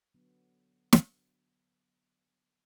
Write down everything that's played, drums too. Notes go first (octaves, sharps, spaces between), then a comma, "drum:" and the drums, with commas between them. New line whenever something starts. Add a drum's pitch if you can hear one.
D3 F#3 B3
drum: snare